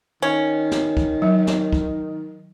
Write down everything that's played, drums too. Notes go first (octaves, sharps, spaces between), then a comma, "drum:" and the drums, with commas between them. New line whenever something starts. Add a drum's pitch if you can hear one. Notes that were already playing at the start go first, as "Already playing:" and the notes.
D#3 C#4
drum: snare
drum: kick
F#3
drum: snare
drum: kick